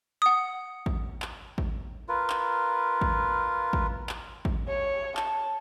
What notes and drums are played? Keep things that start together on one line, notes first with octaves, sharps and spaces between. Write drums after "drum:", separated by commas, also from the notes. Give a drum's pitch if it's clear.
F#5 D#6
drum: kick A1
drum: clap
drum: kick A1
F4 A#4 B4
drum: clap
drum: kick A1
drum: kick A1
drum: clap
drum: kick A1
C#5
A5, drum: clap